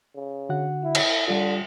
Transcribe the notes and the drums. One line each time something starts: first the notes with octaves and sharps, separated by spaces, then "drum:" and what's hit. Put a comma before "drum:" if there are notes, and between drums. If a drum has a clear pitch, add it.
C#3
D3 F#4 F#5
E4
drum: cymbal
D3 G3 F4